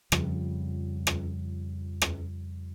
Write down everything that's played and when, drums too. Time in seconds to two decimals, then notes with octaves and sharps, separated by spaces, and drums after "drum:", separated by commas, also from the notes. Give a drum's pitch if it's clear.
0.12 F2 C#3 F3 G3, drum: rim click
1.07 drum: rim click
2.02 drum: rim click